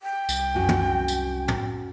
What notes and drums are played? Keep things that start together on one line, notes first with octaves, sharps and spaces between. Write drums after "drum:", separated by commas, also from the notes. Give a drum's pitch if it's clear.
G5
C2, drum: tambourine
F#2 F#4 G#5
drum: tom
drum: tambourine
drum: tom